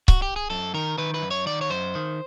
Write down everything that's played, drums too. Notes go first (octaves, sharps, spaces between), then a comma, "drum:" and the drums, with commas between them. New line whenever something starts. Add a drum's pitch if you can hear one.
F#4, drum: kick C#1
G4
G#4
F#2 A4
D#3 A#4
D#3 B4
B4
F#2
C#5
D#3 D5
C#5
F#2 C5
D#3